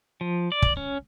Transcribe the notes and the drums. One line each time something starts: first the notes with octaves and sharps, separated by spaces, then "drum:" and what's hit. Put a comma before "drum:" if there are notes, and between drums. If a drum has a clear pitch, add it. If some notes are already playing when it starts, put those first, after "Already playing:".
F3
D5
drum: kick
C#4